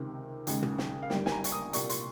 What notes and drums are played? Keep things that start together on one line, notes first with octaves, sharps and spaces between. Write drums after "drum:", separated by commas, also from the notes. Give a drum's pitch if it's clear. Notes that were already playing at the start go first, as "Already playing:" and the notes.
Already playing: C#2 C3 D#3
D#2 C#3 G#3, drum: hi-hat
drum: tom
drum: snare
F5
G1 G2 G3 A#3 G5, drum: snare
G#5, drum: snare
A#5
C#6, drum: hi-hat
D#6
C2 A#2 G3 A#3 C#6, drum: hi-hat
C6, drum: hi-hat